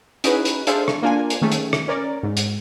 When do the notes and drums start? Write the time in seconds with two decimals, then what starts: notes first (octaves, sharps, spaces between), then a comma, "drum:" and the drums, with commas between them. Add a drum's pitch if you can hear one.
0.24 C#4 D#4 E4 F#4 G#4 B4, drum: hi-hat
0.45 drum: hi-hat
0.67 D4 G#4 A4 C5 E5 F5, drum: hi-hat
0.88 drum: rim click
1.03 A#3 D4 F4 G#5
1.30 drum: hi-hat
1.42 D#3 A3 C#4 G#4
1.52 drum: hi-hat
1.73 drum: rim click
1.88 C#4 A#4 D5
2.23 G#2
2.37 drum: hi-hat